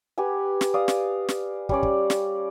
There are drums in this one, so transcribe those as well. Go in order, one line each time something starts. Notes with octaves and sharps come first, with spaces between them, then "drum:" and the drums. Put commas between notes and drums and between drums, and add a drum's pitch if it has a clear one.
G4 B4 F#5 G#5
drum: snare
D5 F5 D#6
drum: snare
drum: snare
G3 C#4 D5, drum: kick
drum: kick
drum: snare